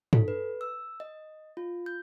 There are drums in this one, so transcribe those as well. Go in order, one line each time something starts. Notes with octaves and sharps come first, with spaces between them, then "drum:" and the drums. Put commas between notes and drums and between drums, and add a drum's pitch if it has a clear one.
A4, drum: tom
B4
E6
D#5
F4
G6